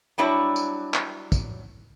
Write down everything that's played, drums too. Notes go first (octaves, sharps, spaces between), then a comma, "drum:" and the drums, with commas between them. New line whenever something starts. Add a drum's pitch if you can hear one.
F#3 G3 D4 E4 C#5
drum: tambourine
drum: clap
drum: kick, tambourine